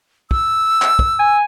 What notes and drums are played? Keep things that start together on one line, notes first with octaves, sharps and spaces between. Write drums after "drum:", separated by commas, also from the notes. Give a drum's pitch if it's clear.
E6, drum: kick
drum: clap
drum: kick
G#5